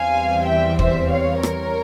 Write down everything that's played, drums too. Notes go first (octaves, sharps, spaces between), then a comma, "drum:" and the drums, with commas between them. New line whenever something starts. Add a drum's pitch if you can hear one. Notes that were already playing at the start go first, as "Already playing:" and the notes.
Already playing: E2 E3 G3 C4 F5 G#5
E5 G5
C5 E5, drum: kick
C#5 F5
A#4 C#5, drum: rim click